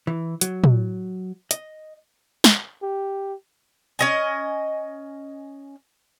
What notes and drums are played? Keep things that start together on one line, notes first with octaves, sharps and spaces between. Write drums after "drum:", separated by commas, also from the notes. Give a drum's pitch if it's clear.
E3
F#3, drum: hi-hat
drum: tom
D#5, drum: hi-hat
drum: snare
G4
C#4 D#5 G#5